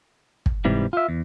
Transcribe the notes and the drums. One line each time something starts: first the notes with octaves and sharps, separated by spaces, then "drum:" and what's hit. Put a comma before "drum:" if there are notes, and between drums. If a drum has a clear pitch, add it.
drum: kick
G#2 C3 E3 G3
F4 E5
E2